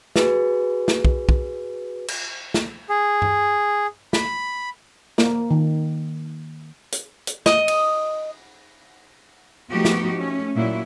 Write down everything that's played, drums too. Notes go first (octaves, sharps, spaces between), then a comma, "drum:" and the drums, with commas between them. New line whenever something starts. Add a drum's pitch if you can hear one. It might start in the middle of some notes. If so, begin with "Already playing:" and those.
F#4 G#4 B4, drum: snare
drum: snare
drum: kick
drum: kick
drum: cymbal
drum: snare
G#4
drum: tom G2
B5, drum: snare
A#3, drum: snare
D#3
drum: hi-hat
drum: hi-hat
D#5, drum: snare
drum: cymbal
F3 A3 B3 D#4 F#4 G4
drum: snare
A3 C#4
A#2 F#3 E4